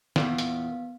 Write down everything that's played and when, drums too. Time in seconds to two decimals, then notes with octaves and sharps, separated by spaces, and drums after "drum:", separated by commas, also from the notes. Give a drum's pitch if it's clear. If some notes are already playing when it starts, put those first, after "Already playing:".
0.16 E2 A#2 B3 F5, drum: snare
0.38 drum: hi-hat